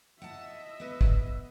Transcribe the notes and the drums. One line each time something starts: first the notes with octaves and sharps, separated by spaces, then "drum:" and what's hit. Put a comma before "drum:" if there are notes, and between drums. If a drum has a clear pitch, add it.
D#5 E5 F#5 A5
B3 B4
drum: kick